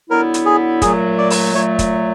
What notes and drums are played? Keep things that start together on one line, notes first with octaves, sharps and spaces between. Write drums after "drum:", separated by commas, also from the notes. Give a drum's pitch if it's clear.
D3 F#3 B3 E4 A#4
drum: hi-hat
G#4
A#2 F#3 A3 G#4, drum: kick, hi-hat
D5
drum: open hi-hat
A#2 F#3 A3 C#5
drum: kick, hi-hat